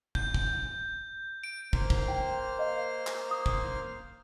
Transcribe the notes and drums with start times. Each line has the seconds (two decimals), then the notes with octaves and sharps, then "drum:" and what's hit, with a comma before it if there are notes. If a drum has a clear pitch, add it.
0.15 G6, drum: kick
0.34 drum: kick
1.44 D7
1.73 A#3 C5 F6, drum: kick
1.90 drum: kick
2.08 G5
2.58 A#4 D#5 F5
3.07 drum: clap
3.31 D#6
3.46 drum: kick